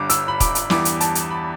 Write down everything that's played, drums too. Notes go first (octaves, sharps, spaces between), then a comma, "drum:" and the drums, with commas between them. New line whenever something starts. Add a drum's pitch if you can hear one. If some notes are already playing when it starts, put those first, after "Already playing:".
Already playing: G1 G2 G3 D6
E6, drum: hi-hat
B5
D6, drum: kick, hi-hat
drum: hi-hat
E2 E3 G3 D6, drum: snare
drum: hi-hat
A5, drum: hi-hat
drum: hi-hat
B5